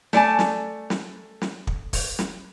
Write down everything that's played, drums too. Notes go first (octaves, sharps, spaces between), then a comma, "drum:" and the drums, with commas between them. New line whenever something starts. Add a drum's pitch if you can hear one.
A3 D5 G#5 A5, drum: snare
drum: snare
drum: snare
drum: snare
drum: kick
drum: kick, open hi-hat
drum: snare